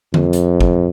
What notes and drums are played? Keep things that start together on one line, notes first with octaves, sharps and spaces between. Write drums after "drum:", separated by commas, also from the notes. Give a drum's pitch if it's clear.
F2, drum: tom D3
drum: hi-hat
drum: kick G1